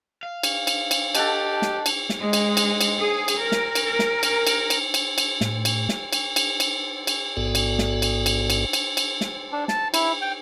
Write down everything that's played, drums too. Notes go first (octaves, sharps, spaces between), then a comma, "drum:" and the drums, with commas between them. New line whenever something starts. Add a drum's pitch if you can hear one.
F5
drum: cymbal
drum: cymbal
drum: cymbal
G4 A4 D#5 F#5 A5, drum: cymbal
drum: snare
drum: cymbal
drum: snare
G#3
drum: cymbal
drum: cymbal
drum: cymbal
G#4
drum: cymbal
A#4
drum: snare
drum: cymbal
A#4
drum: snare
drum: cymbal
drum: cymbal
drum: cymbal
drum: cymbal
drum: cymbal
A2, drum: snare
drum: cymbal
drum: snare
drum: cymbal
drum: cymbal
drum: cymbal
drum: cymbal
A1 G#2 B3 F#4 A4 D5
drum: cymbal
drum: snare
drum: cymbal
drum: cymbal
drum: cymbal
drum: cymbal
drum: cymbal
drum: snare
D4
A5, drum: snare
E4, drum: cymbal
G5